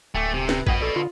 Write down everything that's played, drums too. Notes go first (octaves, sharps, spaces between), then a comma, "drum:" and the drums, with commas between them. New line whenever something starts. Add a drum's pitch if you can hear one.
D1 A3 G5 G#5 D6
C3
B4 A#6, drum: snare
F#2 B4 D#5 F#5 G5 G#6, drum: kick G#1
A#1 A4 D5
D3 F4